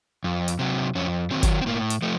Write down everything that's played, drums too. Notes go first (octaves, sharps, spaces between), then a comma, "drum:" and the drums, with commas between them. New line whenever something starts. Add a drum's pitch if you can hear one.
F2
drum: hi-hat
C3 F#3
F2 C#4
D#3 F#3 C4
drum: kick, hi-hat
C4
A2 A#3
drum: hi-hat
F3 A3